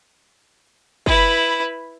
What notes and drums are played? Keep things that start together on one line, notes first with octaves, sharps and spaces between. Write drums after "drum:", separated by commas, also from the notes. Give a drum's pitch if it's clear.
E4 B4, drum: kick